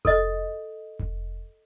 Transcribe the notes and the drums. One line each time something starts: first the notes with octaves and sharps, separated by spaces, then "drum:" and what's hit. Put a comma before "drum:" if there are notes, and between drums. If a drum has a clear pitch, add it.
A4 D#5, drum: kick F1
drum: kick F1